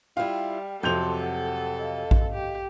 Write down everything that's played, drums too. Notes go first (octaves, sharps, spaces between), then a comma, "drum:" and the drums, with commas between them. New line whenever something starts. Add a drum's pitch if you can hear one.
G3 E4 F4 F5 G5
F2 C3 F#3 A4 A5 C6 G6 F7
F#5
D#5 F5
drum: kick A1
G4